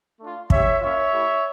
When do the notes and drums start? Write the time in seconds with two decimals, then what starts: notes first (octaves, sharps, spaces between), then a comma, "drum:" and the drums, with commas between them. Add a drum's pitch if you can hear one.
0.19 A3 D4 F4
0.50 C#4 G4 C#5 E5, drum: kick
0.81 A#3 C#4 F4 C#5 E5
1.11 A3 E4 G4